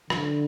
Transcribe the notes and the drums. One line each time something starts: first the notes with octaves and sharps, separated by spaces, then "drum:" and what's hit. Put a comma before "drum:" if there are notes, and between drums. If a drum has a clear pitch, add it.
D3, drum: rim click